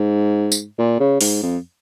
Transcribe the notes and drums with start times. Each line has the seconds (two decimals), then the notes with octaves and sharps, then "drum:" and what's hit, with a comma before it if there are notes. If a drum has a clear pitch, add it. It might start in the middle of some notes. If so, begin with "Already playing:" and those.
Already playing: G#2
0.52 drum: tambourine
0.79 A#2
1.00 C#3
1.21 G#2, drum: open hi-hat
1.43 F2